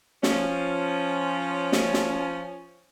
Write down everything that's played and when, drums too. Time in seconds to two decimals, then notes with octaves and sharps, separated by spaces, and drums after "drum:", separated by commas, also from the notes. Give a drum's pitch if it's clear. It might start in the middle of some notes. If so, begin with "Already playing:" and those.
0.23 F3 C#4, drum: snare
1.72 drum: snare
1.94 drum: snare